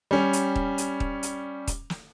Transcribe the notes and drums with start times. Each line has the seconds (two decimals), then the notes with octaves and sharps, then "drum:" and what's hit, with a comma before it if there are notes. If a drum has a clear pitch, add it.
0.11 G3 C#4
0.33 drum: hi-hat
0.56 drum: kick D#1
0.78 drum: hi-hat
1.00 drum: kick D#1
1.23 drum: hi-hat
1.67 drum: kick D#1, hi-hat
1.90 drum: snare